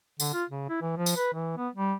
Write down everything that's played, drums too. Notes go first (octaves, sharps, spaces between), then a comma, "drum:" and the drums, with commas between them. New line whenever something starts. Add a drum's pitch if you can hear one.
D3, drum: tambourine
F4
C#3
E4
E3
F3
drum: tambourine
B4
E3
B3
G3